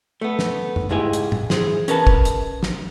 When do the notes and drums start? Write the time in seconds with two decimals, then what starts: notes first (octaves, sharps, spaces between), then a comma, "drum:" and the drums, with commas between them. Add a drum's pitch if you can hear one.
0.21 A3 B3
0.39 drum: snare
0.76 drum: tom F2
0.89 C#2 G#2 G#3 E4 G4 G#5
1.13 drum: hi-hat
1.32 drum: tom A2
1.50 E3 G#4 C5, drum: snare
1.88 C#4 A#4 B4 A5, drum: hi-hat
2.07 drum: kick
2.25 drum: hi-hat
2.63 drum: snare